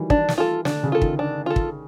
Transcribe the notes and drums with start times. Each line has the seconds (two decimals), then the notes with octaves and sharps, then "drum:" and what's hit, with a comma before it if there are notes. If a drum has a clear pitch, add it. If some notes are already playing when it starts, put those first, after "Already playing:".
Already playing: D#3 E3 F#3 G3
0.10 D4, drum: kick
0.29 drum: snare
0.38 F4 A4
0.65 D3 D4, drum: snare
0.83 C#3
0.92 F4 A4
1.02 D#3, drum: kick
1.19 D4
1.46 F4 A4
1.56 drum: kick